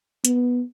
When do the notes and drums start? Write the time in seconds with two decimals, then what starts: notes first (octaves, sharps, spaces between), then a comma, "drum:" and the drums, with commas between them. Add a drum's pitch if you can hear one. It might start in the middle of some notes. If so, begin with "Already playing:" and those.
0.25 B3, drum: hi-hat